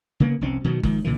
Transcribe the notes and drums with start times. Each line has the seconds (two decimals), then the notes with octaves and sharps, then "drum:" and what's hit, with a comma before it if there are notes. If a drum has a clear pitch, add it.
0.20 C#3 A#3 B3
0.41 F1 C2 C4 C#4
0.64 B2 D#3 F#3
0.83 G#2 D#3 F3, drum: kick G1
1.04 C2 A#2 D3 E3